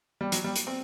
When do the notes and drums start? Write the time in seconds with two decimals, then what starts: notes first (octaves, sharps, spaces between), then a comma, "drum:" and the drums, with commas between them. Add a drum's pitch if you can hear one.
0.21 G3
0.32 F#3, drum: hi-hat
0.44 G3
0.56 drum: hi-hat
0.67 C4